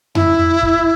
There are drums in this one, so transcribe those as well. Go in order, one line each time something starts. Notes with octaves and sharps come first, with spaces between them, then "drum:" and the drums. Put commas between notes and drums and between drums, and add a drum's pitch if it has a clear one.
E4, drum: tom F2
drum: kick